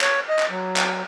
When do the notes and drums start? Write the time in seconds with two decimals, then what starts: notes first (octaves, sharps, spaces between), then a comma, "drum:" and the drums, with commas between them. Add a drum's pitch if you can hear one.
0.01 C#5, drum: clap
0.29 D#5
0.39 drum: clap
0.50 F#3
0.76 drum: clap